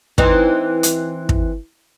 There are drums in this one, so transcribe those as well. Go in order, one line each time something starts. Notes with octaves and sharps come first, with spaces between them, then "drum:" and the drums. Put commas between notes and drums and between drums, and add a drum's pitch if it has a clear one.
E3 C4 D#4, drum: kick
drum: hi-hat
drum: kick